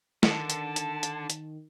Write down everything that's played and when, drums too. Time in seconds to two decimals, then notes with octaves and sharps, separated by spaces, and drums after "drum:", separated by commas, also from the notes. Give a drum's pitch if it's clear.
0.23 D3 D#3 A5, drum: snare
0.50 drum: hi-hat
0.76 drum: hi-hat
1.03 drum: hi-hat
1.30 drum: hi-hat